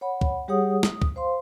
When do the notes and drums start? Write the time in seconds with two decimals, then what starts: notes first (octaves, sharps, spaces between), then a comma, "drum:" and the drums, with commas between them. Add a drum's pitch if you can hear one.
0.01 C#5 F#5 B5
0.21 drum: kick
0.48 G3 G4 G#4 C#5 F#5 D#6
0.83 D#6, drum: snare
1.02 drum: kick
1.16 C5 F5 C6